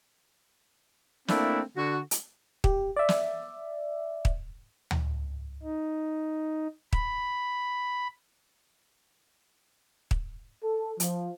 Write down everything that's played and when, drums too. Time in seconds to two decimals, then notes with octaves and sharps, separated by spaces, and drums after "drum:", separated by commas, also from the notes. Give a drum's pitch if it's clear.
1.28 A3 A#3 C4 D4 E4, drum: snare
1.77 D3 F#4
2.11 drum: hi-hat
2.64 G4, drum: kick
2.96 D5 E5
3.09 drum: snare
4.25 drum: kick
4.91 drum: tom D2
5.63 D#4
6.93 B5, drum: kick
10.11 drum: kick
10.64 A4
11.00 F3, drum: hi-hat